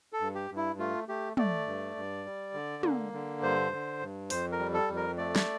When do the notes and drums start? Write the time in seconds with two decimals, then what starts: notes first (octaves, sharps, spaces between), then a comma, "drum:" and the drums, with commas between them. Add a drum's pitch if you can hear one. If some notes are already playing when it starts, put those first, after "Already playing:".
0.13 A4
0.20 G2
0.35 G4
0.51 G2
0.57 E4
0.79 A3 F4
1.08 A3 G4
1.37 A3 D5, drum: tom
1.67 G2
1.96 G2
2.26 G3
2.54 D3
2.83 A#3, drum: tom
3.13 D3
3.42 G2 C5
3.72 D3
4.01 G2
4.30 F2 C5, drum: open hi-hat
4.52 A#4
4.59 G3
4.74 A4
4.89 F2
4.96 A#4
5.18 A3 D5
5.36 drum: snare